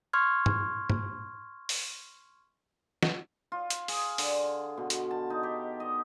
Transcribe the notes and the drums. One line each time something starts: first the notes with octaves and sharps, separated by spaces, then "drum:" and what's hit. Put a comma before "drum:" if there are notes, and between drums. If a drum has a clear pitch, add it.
C6 C#6 F6 G#6
drum: tom
drum: tom
drum: open hi-hat
drum: snare
F4
drum: hi-hat
G#4, drum: open hi-hat
D3, drum: open hi-hat
B2
drum: hi-hat
A5
D#4
G4
D#5